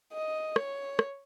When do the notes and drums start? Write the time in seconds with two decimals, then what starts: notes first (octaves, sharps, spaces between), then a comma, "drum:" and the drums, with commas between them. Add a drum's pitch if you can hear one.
0.13 D#5
0.56 C#5, drum: rim click
0.99 drum: rim click